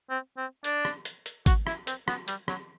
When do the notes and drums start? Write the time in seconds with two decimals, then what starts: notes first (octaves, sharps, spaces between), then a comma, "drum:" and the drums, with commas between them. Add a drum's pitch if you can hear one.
0.10 C4
0.37 C4
0.64 D4, drum: hi-hat
0.85 drum: rim click
1.05 drum: hi-hat
1.26 drum: hi-hat
1.46 F#4, drum: kick G#1, hi-hat
1.67 E4, drum: rim click
1.87 C4, drum: hi-hat
2.08 B3, drum: rim click
2.28 G3, drum: hi-hat
2.48 F#3, drum: rim click